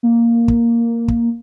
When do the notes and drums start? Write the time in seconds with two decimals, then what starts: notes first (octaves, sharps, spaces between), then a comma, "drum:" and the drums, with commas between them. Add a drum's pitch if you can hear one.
0.03 A#3
0.48 drum: kick
1.08 drum: kick